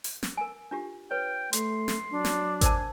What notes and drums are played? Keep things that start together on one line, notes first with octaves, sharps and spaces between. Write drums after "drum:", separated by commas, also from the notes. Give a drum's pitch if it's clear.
drum: open hi-hat
drum: snare
A#4 G#5
D4 F4 G4
B4 C#5 G5
A3 C6, drum: hi-hat
drum: snare
F#3 D4
drum: snare
A#4 C5 G#5 A5, drum: kick G#1, hi-hat